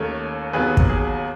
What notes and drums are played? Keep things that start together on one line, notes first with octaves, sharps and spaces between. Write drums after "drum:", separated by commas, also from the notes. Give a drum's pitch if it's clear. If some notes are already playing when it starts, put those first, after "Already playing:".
Already playing: D#2 D#3 A3 C#4 A4 C#5
D#2 D#3 F#3 B3 G#4 B4
drum: kick
G#4